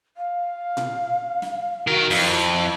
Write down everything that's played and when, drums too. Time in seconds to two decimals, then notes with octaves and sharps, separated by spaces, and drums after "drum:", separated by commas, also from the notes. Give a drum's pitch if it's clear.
0.17 F5
0.77 drum: tom A#2
1.42 drum: snare
1.87 D#3 F#4 A#4
2.10 F2 E4, drum: open hi-hat